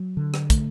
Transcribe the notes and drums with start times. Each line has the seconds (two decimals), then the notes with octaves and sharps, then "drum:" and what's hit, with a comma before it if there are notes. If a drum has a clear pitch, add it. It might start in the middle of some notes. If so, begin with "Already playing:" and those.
Already playing: F#3
0.17 D3
0.34 drum: rim click
0.50 A3, drum: kick, hi-hat